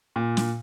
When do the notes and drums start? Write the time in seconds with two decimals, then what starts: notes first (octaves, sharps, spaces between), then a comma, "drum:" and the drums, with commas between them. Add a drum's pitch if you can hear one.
0.16 A#2
0.37 drum: snare